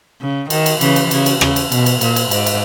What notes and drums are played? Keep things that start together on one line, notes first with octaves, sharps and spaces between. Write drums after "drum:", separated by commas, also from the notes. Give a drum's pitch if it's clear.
C#3
D#3, drum: cymbal
drum: cymbal
C#3 E3, drum: cymbal
drum: cymbal
C#3, drum: cymbal
drum: cymbal
C#3, drum: rim click
drum: cymbal
B2, drum: cymbal
drum: cymbal
A#2, drum: cymbal
drum: cymbal
G#2, drum: cymbal
drum: cymbal